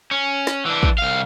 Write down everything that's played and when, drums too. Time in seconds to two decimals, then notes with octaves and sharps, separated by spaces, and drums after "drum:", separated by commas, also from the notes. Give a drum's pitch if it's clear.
0.11 C#4
0.47 drum: snare
0.66 E3 D4
0.83 drum: kick
0.98 C2 F5